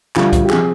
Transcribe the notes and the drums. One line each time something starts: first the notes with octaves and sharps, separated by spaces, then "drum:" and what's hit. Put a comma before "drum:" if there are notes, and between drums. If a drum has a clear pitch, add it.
D2 D3 G3 F4, drum: clap
drum: kick, hi-hat
G4
C3 F3 G#4, drum: clap